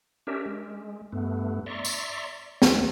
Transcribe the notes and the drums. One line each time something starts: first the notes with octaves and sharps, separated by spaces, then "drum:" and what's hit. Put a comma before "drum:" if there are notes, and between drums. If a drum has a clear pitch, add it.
C#4 D4 G4 A#4 E5
G#3
G2 A3 B3
D5 E5 A#5 C6 C#6
drum: tambourine
E2 E3 F#3 B3, drum: snare